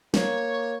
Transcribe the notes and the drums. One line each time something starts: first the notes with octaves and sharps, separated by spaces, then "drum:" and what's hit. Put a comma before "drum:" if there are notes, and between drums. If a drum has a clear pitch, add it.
A#3 C#5, drum: snare